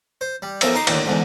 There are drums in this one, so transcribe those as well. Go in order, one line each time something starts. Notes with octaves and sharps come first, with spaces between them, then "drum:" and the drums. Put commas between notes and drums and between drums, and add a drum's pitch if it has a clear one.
C5
G3
B1 F3 A4 A#4 E5, drum: cymbal
D#4 A#5 C6 D6
D#2 A2 D3 D#3, drum: cymbal
E2 G#2 D3